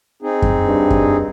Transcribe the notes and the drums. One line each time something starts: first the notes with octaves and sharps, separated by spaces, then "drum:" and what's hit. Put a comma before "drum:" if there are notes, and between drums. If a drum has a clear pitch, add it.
C4 D#4 G#4
drum: kick F#2
G2
drum: kick F#2